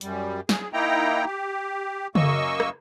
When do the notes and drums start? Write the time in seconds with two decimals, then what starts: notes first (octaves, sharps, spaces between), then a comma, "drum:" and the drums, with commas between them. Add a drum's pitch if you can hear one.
0.01 F#2 G3, drum: hi-hat
0.49 G#4, drum: snare
0.73 A#3 D#4 E4 G5 A#5
1.25 G4
2.15 F#2 A#3 D#5 C#6 E6, drum: tom C#3
2.60 drum: rim click